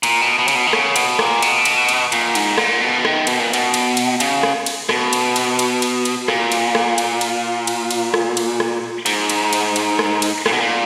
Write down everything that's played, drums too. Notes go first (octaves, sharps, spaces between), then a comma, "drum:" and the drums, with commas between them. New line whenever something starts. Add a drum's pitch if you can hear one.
A#2, drum: cymbal
B2
B2
C#3, drum: cymbal
B2
D#3
C#3, drum: rim click
B2, drum: cymbal
A#2, drum: rim click
B2, drum: cymbal
drum: cymbal
drum: cymbal
A#2, drum: cymbal
G#2, drum: cymbal
A#2, drum: rim click
B2
D#3, drum: rim click
B2, drum: cymbal
A#2
B2, drum: cymbal
drum: cymbal
drum: cymbal
C#3, drum: cymbal
drum: rim click
drum: cymbal
B2, drum: rim click
drum: cymbal
drum: cymbal
drum: cymbal
drum: cymbal
drum: cymbal
A#2, drum: rim click
drum: cymbal
drum: rim click
drum: cymbal
drum: cymbal
drum: cymbal
drum: cymbal
drum: rim click
drum: cymbal
drum: rim click
G#2, drum: cymbal
drum: cymbal
drum: cymbal
drum: cymbal
drum: rim click
drum: cymbal
A#2, drum: rim click
B2
A#2